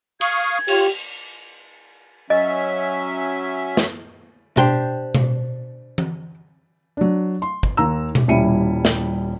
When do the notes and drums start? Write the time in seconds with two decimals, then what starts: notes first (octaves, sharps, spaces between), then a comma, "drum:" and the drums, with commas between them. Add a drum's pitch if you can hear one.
0.21 F5 C#6 D#6 G#6, drum: cymbal
0.68 F4 G4 C#5, drum: cymbal
2.30 F#3 C#4 D#5 E5
3.77 drum: snare
4.57 D4 G4 C5 G5, drum: tom B2
5.15 drum: tom B2
5.98 drum: tom E3
6.97 F#3 D4
7.42 C6
7.63 drum: kick
7.77 D#2 A#5 E6
8.15 drum: tom B2
8.28 D#1 G3 C#4 E4 C#7 D#7
8.85 drum: snare